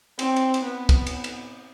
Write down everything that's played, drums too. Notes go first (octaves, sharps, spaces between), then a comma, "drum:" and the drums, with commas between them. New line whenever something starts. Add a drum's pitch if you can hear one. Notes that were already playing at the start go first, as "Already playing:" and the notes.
C4, drum: cymbal
drum: cymbal
drum: cymbal
B3
drum: kick, cymbal
drum: cymbal
drum: cymbal